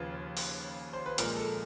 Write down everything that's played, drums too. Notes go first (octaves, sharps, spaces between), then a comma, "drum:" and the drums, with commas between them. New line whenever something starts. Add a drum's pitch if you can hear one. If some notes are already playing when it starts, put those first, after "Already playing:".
Already playing: D#2 C#3 F3 B4
drum: open hi-hat
C5
B4
A#2 F3 G#3 A#4, drum: hi-hat
A4